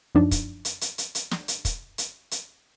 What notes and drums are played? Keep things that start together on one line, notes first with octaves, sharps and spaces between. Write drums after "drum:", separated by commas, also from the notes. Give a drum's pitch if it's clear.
F#2 F3 D4 D#4
drum: kick, hi-hat
drum: hi-hat
drum: hi-hat
drum: hi-hat
drum: hi-hat
drum: snare
drum: hi-hat
drum: kick, hi-hat
drum: hi-hat
drum: hi-hat